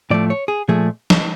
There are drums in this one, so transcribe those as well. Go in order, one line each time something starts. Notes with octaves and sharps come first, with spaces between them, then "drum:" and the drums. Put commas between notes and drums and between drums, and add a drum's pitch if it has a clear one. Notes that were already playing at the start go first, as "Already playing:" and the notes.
A2 F3 A3 D5
C#5
G#4
A#2 F3 A3 G#4
drum: snare